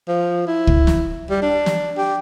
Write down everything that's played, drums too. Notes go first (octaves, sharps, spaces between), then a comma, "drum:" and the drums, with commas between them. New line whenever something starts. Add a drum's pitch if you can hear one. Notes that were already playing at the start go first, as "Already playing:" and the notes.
F3
E4
drum: kick
drum: snare
G3
D4
drum: snare
G4